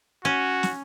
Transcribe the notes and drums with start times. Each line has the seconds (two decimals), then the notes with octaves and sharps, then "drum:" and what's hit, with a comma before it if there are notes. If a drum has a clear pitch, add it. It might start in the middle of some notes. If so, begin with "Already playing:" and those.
0.25 C#4 F#4
0.63 drum: snare